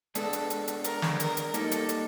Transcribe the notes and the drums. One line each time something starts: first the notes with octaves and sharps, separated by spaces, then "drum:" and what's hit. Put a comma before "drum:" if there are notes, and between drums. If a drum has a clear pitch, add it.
G#3 B3 D4 A4, drum: hi-hat
drum: hi-hat
drum: hi-hat
drum: hi-hat
A#4, drum: hi-hat
drum: snare
A#4, drum: hi-hat
drum: hi-hat
G3 A#3 D#4 A4, drum: hi-hat
drum: hi-hat
drum: hi-hat